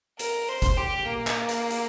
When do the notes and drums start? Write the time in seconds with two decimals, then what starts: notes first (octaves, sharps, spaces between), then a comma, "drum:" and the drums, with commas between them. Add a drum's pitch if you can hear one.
0.19 A#4, drum: hi-hat
0.48 C5
0.62 drum: kick F#1, hi-hat
0.77 G4
1.05 A#3
1.27 drum: clap
1.49 drum: hi-hat
1.70 drum: hi-hat